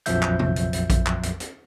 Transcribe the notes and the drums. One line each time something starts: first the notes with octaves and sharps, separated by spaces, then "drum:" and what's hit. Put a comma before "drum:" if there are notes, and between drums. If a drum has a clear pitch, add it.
A#1 F2 F3 F#3 E5 G6, drum: hi-hat
drum: clap
drum: tom C3
drum: hi-hat
drum: hi-hat
drum: kick A#1, hi-hat
drum: clap
drum: hi-hat
drum: hi-hat